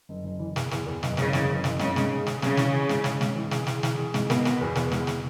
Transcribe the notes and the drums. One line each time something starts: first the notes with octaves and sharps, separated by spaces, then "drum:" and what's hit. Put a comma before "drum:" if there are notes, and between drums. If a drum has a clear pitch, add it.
F#1
F#1
E3
E2, drum: snare
E2, drum: snare
E2
F#1, drum: snare
F#1 C#3, drum: snare
E3, drum: snare
F#1
F#1, drum: snare
G#2 C#3, drum: snare
G#2, drum: snare
G#4
G#4, drum: snare
C#3 G#4, drum: snare
E3, drum: snare
G#4
G#2, drum: snare
C#4, drum: snare
G#2, drum: snare
E3
G#4, drum: snare
G#4, drum: snare
E3, drum: snare
G#4
G#2, drum: snare
B2 B3, drum: snare
B3, drum: snare
E2
E2, drum: snare
G#3, drum: snare
drum: snare